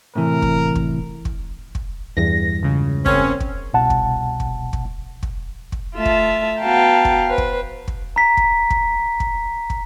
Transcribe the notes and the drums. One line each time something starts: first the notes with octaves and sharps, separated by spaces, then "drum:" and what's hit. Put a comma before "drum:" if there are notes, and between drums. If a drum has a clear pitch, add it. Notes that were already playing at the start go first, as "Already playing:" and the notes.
A2 C3 E3 A#4
drum: kick
drum: kick
drum: kick
drum: kick
E2 G2 A#6
C#2 C#3
A#3 C4 C#4, drum: kick
drum: kick
C2 B2 F#5 A5
drum: kick
drum: kick
drum: kick
drum: kick
drum: kick
A3 F4 E5 A5
drum: kick
B3 F#4 F5 G5 A5 A#5
drum: kick
B4 C5
drum: kick
drum: kick
A#5 B6
drum: kick
drum: kick
drum: kick
drum: kick